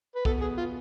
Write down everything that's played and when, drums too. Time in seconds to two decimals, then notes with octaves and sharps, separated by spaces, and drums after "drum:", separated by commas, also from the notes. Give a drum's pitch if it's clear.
0.15 B4
0.25 E2 B2 B3 A4, drum: kick
0.41 G#4
0.58 F4